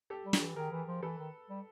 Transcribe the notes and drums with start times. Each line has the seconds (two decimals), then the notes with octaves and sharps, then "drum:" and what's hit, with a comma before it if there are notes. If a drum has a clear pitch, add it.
0.10 G4 A4
0.26 G3
0.33 G4 A4, drum: snare
0.40 E3
0.56 D#3 G#4 A#4
0.71 E3
0.88 F3
1.02 E3 A4 B4
1.18 D#3
1.49 G3